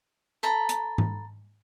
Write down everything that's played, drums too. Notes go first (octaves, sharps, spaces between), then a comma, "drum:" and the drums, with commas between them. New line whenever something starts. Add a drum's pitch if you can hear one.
A4 A#5 B5
drum: hi-hat
drum: tom G#2